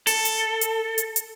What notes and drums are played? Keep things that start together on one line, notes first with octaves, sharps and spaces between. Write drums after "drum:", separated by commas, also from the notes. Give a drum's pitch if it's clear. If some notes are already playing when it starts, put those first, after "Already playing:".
A4, drum: open hi-hat
drum: hi-hat
drum: hi-hat
drum: hi-hat
drum: hi-hat